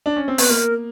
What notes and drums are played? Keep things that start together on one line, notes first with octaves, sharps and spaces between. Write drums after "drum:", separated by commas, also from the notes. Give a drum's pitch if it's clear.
D4
C#4
C4
B3 B4, drum: open hi-hat
A#3 A#4